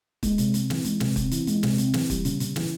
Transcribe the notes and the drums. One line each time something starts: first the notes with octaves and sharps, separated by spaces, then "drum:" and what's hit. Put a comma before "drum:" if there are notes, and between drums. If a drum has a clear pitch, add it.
G#3, drum: kick, hi-hat
C3, drum: hi-hat
C4, drum: hi-hat
E3, drum: snare
G#3, drum: hi-hat
C3, drum: snare
C4, drum: kick, hi-hat
E3, drum: hi-hat
G#3, drum: hi-hat
C3, drum: snare
C4, drum: hi-hat
E3, drum: snare
G3, drum: kick, hi-hat
C#3, drum: hi-hat
C#3, drum: hi-hat
E3, drum: snare